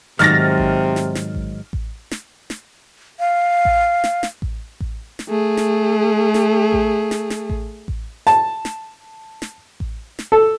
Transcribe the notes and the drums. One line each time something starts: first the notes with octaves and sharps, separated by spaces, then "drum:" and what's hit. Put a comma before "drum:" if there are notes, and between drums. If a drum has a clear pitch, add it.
G#2 C3 D#3 F#3 F6 A6 A#6, drum: snare
drum: kick A1
drum: snare
drum: snare
drum: kick A1
drum: kick A1
drum: snare
drum: snare
F5
drum: kick A1
drum: snare
drum: snare
drum: kick A1
drum: kick A1
drum: snare
A3 G#4
drum: snare
drum: snare
drum: kick A1
drum: snare
drum: snare
drum: kick A1
drum: kick A1
A5, drum: snare
drum: snare
drum: snare
drum: kick A1
drum: snare
A4